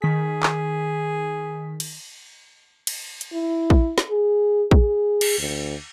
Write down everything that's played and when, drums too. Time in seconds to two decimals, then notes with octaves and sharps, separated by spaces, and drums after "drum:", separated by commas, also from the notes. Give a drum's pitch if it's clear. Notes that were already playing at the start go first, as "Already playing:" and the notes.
0.02 D#3 G#4 B6
0.43 drum: clap
1.80 drum: cymbal
2.87 drum: cymbal
3.21 drum: hi-hat
3.33 E4
3.70 drum: kick
3.98 drum: snare
4.10 G#4
4.71 G#4, drum: kick
5.21 drum: cymbal
5.39 D2